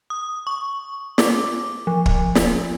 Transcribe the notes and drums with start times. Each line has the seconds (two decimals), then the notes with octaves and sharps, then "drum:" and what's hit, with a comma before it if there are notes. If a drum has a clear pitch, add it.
0.10 D#6
0.47 C#6
1.18 D6, drum: snare
1.87 F3
2.06 drum: kick
2.35 drum: snare